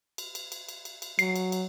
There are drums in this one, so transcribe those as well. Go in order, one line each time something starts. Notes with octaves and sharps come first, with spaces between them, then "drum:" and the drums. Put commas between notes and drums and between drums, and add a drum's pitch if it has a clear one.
drum: cymbal
drum: cymbal
drum: cymbal
drum: cymbal
drum: cymbal
drum: cymbal
F#3 C7, drum: cymbal
drum: cymbal
drum: cymbal